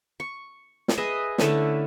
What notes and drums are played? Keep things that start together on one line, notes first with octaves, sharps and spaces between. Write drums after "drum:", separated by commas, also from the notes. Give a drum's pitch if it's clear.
C#6
drum: snare
G#4 B4 D#5 E5
D3 A3 C#4 E4, drum: snare